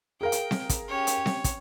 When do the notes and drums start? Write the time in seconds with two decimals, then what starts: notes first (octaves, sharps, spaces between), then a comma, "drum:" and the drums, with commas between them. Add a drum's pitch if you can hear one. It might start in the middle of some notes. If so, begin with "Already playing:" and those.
0.21 G#4 A#4 F5 G5
0.32 drum: hi-hat
0.51 drum: snare C4
0.69 drum: kick, hi-hat
0.88 C#4 G4 C#5
1.07 drum: hi-hat
1.26 drum: snare C4
1.44 drum: kick, hi-hat